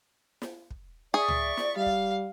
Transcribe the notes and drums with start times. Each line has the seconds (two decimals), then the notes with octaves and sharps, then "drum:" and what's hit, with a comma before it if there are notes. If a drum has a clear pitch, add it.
0.42 drum: snare
0.71 drum: kick
1.14 G#4 D5 E5 C#6
1.28 drum: tom C#2
1.57 drum: snare
1.77 G3 F5
1.86 drum: kick